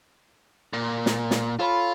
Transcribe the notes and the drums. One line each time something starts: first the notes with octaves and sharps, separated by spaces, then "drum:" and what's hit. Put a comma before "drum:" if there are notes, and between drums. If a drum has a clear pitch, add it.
A#2
drum: snare
drum: snare
F4 A4 C#5 B5